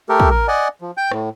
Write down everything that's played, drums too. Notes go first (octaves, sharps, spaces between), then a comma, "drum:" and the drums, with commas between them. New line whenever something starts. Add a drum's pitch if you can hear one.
A3 G4 A4 A#4
drum: kick
A#4
D5 D#5 F#5 G#5
F3
G5 G6
A2, drum: rim click